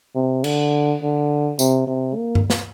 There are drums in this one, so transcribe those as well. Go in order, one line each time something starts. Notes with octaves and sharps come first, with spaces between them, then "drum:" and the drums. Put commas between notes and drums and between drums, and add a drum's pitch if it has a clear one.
C3
D3, drum: cymbal
D3
C3, drum: tambourine
C3
A#3
drum: tom G2
drum: snare